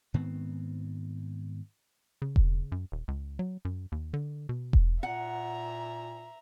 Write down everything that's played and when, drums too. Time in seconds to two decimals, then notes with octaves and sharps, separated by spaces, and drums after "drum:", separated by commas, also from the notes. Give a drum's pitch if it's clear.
0.14 G#2 D#3 B3 C4
2.22 C#3
2.36 drum: kick E1
2.72 F#2
2.92 D#1
3.08 C#2
3.39 F#3
3.65 F#2
3.92 D#2
4.14 D3
4.49 B2
4.73 drum: kick E1
5.03 A#2 E5 F#5 A#5